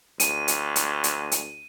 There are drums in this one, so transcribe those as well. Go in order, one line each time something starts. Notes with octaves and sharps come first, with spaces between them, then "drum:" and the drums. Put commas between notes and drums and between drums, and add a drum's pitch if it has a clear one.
D2 D#7, drum: hi-hat
drum: hi-hat
drum: hi-hat
drum: hi-hat
drum: hi-hat